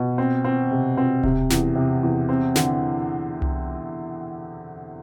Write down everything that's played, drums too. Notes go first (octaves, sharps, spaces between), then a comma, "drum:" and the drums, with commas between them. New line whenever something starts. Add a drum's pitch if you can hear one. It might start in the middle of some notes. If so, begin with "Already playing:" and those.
Already playing: B2
C4
C4
C3
C4
C3, drum: kick D#1
E2, drum: snare
C3
E2
C4
D3, drum: snare
drum: tom C2